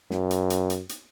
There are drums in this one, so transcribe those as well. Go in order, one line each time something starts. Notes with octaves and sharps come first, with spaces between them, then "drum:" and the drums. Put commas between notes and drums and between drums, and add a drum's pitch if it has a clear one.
F#2, drum: snare
drum: hi-hat
drum: hi-hat
drum: hi-hat
drum: hi-hat